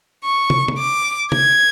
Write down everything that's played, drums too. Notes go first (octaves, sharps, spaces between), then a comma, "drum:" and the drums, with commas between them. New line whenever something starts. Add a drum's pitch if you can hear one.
C#6
drum: tom
drum: tom
D6
G#6, drum: tom